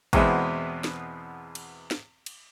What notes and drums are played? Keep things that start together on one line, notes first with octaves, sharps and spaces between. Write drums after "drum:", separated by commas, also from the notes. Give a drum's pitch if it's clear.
E2 B2 G#3 B3 C4 E4, drum: kick, cymbal
drum: snare
drum: cymbal
drum: snare
drum: cymbal